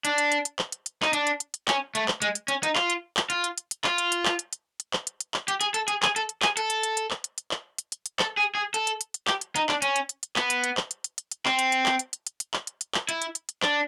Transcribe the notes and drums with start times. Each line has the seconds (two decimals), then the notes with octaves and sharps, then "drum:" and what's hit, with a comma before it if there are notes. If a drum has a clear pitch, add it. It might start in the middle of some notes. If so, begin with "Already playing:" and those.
0.05 D4, drum: hi-hat
0.18 drum: hi-hat
0.32 drum: hi-hat
0.45 drum: hi-hat
0.59 drum: clap
0.72 drum: hi-hat
0.86 drum: hi-hat
1.03 D#4, drum: clap
1.13 D4, drum: hi-hat
1.27 drum: hi-hat
1.40 drum: hi-hat
1.54 drum: hi-hat
1.68 C#4, drum: clap
1.95 A3, drum: hi-hat
2.08 drum: clap
2.22 G#3, drum: hi-hat
2.35 drum: hi-hat
2.48 C#4, drum: hi-hat
2.63 D#4, drum: hi-hat
2.76 F4, drum: clap
2.90 drum: hi-hat
3.17 drum: clap
3.30 F4, drum: hi-hat
3.44 drum: hi-hat
3.58 drum: hi-hat
3.71 drum: hi-hat
3.84 F4, drum: clap
3.98 drum: hi-hat
4.12 drum: hi-hat
4.25 drum: clap
4.39 drum: hi-hat
4.53 drum: hi-hat
4.80 drum: hi-hat
4.93 drum: clap
5.07 drum: hi-hat
5.20 drum: hi-hat
5.34 drum: clap
5.48 G4, drum: hi-hat
5.61 G#4, drum: hi-hat
5.74 A4, drum: hi-hat
5.88 G#4, drum: hi-hat
6.03 G#4, drum: clap
6.16 A4, drum: hi-hat
6.29 drum: hi-hat
6.42 G#4, drum: clap
6.57 A4, drum: hi-hat
6.70 drum: hi-hat
6.83 drum: hi-hat
6.97 drum: hi-hat
7.11 drum: clap
7.24 drum: hi-hat
7.38 drum: hi-hat
7.51 drum: clap
7.78 drum: hi-hat
7.92 drum: hi-hat
8.06 drum: hi-hat
8.19 A4, drum: clap
8.37 G#4
8.55 G#4
8.74 A4, drum: hi-hat
8.87 drum: hi-hat
9.01 drum: hi-hat
9.14 drum: hi-hat
9.27 G4, drum: clap
9.41 drum: hi-hat
9.56 D#4, drum: hi-hat
9.69 D4, drum: clap
9.82 C#4, drum: hi-hat
9.96 drum: hi-hat
10.09 drum: hi-hat
10.23 drum: hi-hat
10.36 B3, drum: clap
10.50 drum: hi-hat
10.64 drum: hi-hat
10.77 drum: clap
10.91 drum: hi-hat
11.04 drum: hi-hat
11.18 drum: hi-hat
11.31 drum: hi-hat
11.46 C4, drum: clap
11.59 drum: hi-hat
11.72 drum: hi-hat
11.86 drum: clap
11.99 drum: hi-hat
12.13 drum: hi-hat
12.27 drum: hi-hat
12.40 drum: hi-hat
12.54 drum: clap
12.67 drum: hi-hat
12.81 drum: hi-hat
12.94 drum: clap
13.09 E4, drum: hi-hat
13.22 drum: hi-hat
13.35 drum: hi-hat
13.49 drum: hi-hat
13.62 D4, drum: clap